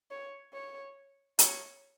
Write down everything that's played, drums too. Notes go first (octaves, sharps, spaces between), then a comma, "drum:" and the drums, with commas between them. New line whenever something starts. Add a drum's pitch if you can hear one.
C#5
C#5
C#5, drum: hi-hat